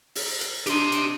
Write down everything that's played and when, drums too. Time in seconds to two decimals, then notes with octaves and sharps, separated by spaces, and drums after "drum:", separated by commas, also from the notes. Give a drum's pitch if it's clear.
0.15 drum: open hi-hat
0.41 drum: hi-hat
0.66 D4 D#4 G4 C6, drum: hi-hat
0.92 drum: hi-hat